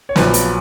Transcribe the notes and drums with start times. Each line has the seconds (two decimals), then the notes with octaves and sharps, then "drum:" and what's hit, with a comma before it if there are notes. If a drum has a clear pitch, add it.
0.09 C#5
0.16 A#1 A#2 F#3 B4, drum: snare
0.34 drum: hi-hat